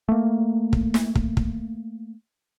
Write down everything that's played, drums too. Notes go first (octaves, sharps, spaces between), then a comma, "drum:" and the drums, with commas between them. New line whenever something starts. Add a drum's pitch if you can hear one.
A3 A#3
drum: kick
drum: snare
drum: kick
drum: kick